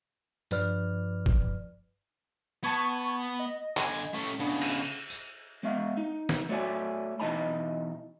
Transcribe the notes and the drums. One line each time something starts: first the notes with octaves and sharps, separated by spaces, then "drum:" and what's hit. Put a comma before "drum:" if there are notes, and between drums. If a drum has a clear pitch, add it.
G2 F3 B4 D5 F6, drum: tambourine
drum: kick
B3 A5 C#6 G#6
D#5
D3 G#5, drum: clap
A3 C#4
C#3 B3 D4
drum: cymbal
drum: tambourine
G#3 B3 E5 F5
D#4
drum: snare
A3 F#4 C#5 D5 F5 G#5
B2 E3 D#4 D#5 A5 B5